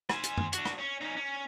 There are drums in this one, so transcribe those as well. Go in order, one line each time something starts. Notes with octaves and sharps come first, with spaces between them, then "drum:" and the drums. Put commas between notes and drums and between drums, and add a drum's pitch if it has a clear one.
C5 G#5, drum: rim click
drum: hi-hat
drum: tom F#2
D4 F#4, drum: hi-hat
drum: rim click
C#4
C#4 D#4
C#4